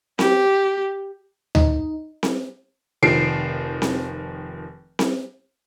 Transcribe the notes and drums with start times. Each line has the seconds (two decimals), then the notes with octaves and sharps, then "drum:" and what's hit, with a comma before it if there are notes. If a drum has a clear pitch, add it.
0.19 G4, drum: snare C4
1.55 D#4, drum: tom D2
2.23 drum: snare C4
3.03 F1 D#3 F3 C7 D7
3.82 drum: snare C4
4.99 drum: snare C4